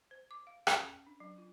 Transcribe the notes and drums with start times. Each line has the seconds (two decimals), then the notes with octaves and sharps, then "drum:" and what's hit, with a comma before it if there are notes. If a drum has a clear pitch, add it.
0.11 C5
0.31 D6
0.47 F5
0.67 C#4, drum: rim click
0.89 G5
1.06 D4
1.20 F#3
1.38 F4